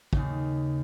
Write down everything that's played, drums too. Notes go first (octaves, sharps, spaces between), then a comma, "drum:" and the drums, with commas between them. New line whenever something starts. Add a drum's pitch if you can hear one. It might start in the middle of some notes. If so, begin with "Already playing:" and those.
D#2 C#3, drum: kick